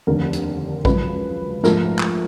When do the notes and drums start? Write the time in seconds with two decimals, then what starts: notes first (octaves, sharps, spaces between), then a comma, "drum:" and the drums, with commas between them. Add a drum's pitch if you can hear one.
0.07 F1 D#2 D3 A#4
0.33 drum: hi-hat
0.85 F#2 C#3 F3 G#3 B4, drum: kick A#1
1.63 A#1 G#2 F3 A3 A#4, drum: snare
1.99 drum: clap